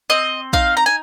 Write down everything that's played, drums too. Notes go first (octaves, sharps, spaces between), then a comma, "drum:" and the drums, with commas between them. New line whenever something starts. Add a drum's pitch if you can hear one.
C4 D#5
D#4 F5, drum: kick
A#5
G#5